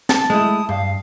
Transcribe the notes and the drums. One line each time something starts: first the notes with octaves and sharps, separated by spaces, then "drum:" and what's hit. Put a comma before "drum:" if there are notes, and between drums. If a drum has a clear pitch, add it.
A5, drum: snare
G#3 A3 E4 D#6
G2 F5